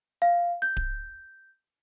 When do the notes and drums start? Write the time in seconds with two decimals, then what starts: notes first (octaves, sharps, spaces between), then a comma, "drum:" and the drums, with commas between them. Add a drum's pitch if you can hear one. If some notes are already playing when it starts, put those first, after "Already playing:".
0.22 F5
0.62 G6
0.77 drum: kick D1